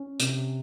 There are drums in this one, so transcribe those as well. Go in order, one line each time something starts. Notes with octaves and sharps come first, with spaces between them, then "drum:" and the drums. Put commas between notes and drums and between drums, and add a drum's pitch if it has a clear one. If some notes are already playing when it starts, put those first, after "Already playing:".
Already playing: C#4
C3, drum: hi-hat